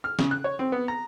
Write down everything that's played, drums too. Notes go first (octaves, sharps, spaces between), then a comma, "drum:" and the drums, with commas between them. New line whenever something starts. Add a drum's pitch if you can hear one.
F6
C#3, drum: snare
F#6
C#5
C4
B3
A#5